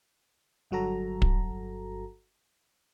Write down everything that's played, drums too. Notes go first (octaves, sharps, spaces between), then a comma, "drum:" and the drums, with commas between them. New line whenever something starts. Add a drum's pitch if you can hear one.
G1 G2 F#3 F#4 A4 A#5
drum: kick